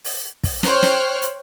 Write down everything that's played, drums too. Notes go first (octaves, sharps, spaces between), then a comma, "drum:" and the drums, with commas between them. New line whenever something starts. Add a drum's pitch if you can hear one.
drum: open hi-hat
drum: kick, open hi-hat
C5 C#5 G5 F6 F#6, drum: snare
drum: snare
drum: hi-hat